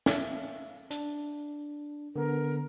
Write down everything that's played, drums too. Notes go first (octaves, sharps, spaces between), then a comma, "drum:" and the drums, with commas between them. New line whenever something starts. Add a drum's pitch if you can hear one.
E5 F5, drum: snare
D4, drum: hi-hat
D3 B3 A#4